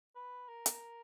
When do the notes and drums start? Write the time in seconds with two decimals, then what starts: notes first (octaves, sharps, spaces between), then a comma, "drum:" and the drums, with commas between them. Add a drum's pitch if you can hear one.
0.16 B4
0.49 A#4
0.66 drum: hi-hat